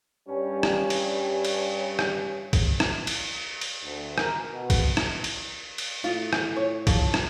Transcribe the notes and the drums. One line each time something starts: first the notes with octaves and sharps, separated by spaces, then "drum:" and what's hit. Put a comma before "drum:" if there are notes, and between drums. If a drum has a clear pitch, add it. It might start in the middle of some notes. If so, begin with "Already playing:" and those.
G2 G3 C#4
drum: rim click
drum: cymbal
drum: cymbal
drum: rim click
drum: kick, cymbal
drum: rim click
drum: cymbal
drum: cymbal
D2
A#4, drum: rim click
B2
drum: kick, cymbal
drum: rim click
drum: cymbal
drum: cymbal
A2 F4
drum: rim click
C#5
F3, drum: kick, cymbal
drum: rim click